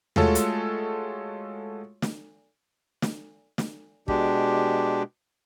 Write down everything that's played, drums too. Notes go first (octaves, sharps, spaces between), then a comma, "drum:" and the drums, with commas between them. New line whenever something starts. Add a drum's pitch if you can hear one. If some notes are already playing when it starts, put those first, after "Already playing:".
G#3 A3 F4 F#4 A4 C#5, drum: tom D#2
drum: hi-hat
drum: snare
drum: snare
drum: snare
B2 G#3 D4 G4, drum: kick